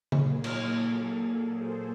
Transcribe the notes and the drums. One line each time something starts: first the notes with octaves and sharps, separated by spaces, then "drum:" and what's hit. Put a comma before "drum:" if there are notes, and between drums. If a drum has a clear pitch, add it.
A#2 F#3 A#3 G#4, drum: tom C#3
drum: cymbal
A4
C5